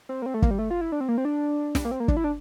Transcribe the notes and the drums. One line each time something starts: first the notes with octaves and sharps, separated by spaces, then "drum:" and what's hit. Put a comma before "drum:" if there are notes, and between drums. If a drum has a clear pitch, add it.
C4
A#3
C4
A3
A#3, drum: kick
G3
A3
F4
E4
D4
C4
A#3
C4
D4
drum: snare
A#3
C4
A#3
D4, drum: kick
E4
D4